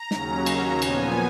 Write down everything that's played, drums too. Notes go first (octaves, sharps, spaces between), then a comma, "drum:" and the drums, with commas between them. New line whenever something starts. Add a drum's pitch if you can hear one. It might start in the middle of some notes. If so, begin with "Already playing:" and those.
Already playing: A#5
D#2 C#3 F#3 C#4, drum: snare
drum: cymbal
A#2 F3 B3 G#5, drum: cymbal